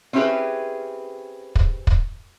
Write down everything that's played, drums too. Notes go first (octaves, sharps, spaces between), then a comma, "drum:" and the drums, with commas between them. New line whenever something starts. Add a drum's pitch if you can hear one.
C4 C#4 E4 G4 G#4 B4
drum: kick
drum: kick